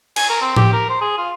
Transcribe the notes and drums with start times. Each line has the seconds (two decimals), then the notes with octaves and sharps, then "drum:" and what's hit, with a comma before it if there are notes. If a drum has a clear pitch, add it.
0.16 G#5, drum: cymbal
0.30 A#4
0.41 C4
0.56 G4, drum: tom A2
0.73 A#4
0.89 C5
1.01 G#4
1.18 F4